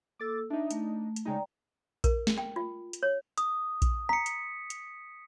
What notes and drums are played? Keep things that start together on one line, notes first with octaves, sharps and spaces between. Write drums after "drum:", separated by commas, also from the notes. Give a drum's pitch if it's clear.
A#3 A4 D6 E6 A6
D4 D#4 E5
A3, drum: hi-hat
drum: hi-hat
C#3 G#3 D#4 D5 G5 A#5
A#4, drum: kick A#1, hi-hat
drum: snare
G5
F4
drum: hi-hat
C#5
D#6, drum: hi-hat
drum: kick A#1, hi-hat
A#5 B6 C#7
drum: hi-hat
drum: hi-hat